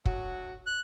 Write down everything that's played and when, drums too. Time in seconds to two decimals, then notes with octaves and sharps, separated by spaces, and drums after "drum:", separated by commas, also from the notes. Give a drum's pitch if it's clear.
0.05 D2 F#3 F#4, drum: kick
0.67 F#6